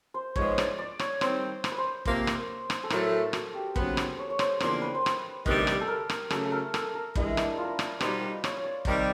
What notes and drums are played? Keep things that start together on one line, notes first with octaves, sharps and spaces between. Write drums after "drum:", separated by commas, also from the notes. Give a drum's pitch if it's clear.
C5
G#2 F3 G#3 B3 C#5, drum: kick
D5, drum: rim click
D5
C#5, drum: rim click
D#3 G3 C4 D#4 C5, drum: rim click
C5, drum: rim click
B4
C5
F2 C3 F3 A#3 C5, drum: kick
drum: rim click
drum: rim click
A4
A2 F#3 A3 A#4, drum: rim click
A4
F#4, drum: rim click
G4
D#2 C#3 F#3 B3 C5, drum: kick
drum: rim click
C#5
C#5
C5, drum: rim click
E2 C#3 F3 A#3 D4 C5, drum: rim click
B4
C5
B4, drum: rim click
D2 C3 D#3 G3 B3, drum: kick
drum: rim click
A4
A#4
drum: rim click
C#3 F#3 A3 A4, drum: rim click
A4
A#4
A4, drum: rim click
A#4
G2 E3 G#3 E4, drum: kick
D4, drum: rim click
F4
A#4
B4
D#5, drum: rim click
D5
B2 G3 B3 D#4 G4 C5, drum: rim click
B4
C#5, drum: rim click
C#5
D5
C3 D#3 G3, drum: kick